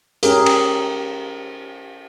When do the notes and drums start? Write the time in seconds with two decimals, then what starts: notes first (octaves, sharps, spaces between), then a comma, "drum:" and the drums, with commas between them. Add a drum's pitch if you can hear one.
0.23 C#4 G4 G#4 A#4, drum: hi-hat
0.46 drum: cymbal